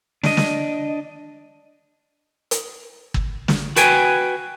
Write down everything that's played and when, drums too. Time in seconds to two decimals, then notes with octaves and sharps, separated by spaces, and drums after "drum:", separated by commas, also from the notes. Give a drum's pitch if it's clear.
0.24 D4 D#5, drum: snare
0.37 drum: snare
2.51 drum: hi-hat
3.14 drum: kick G1
3.48 drum: snare
3.76 F#4 B4 G5 G#5, drum: hi-hat